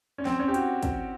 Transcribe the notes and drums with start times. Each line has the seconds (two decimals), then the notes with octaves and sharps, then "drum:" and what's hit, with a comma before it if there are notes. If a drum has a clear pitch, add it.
0.18 C#4
0.25 C4, drum: snare
0.39 C#4
0.48 G4
0.54 F#4, drum: hi-hat
0.83 drum: kick, hi-hat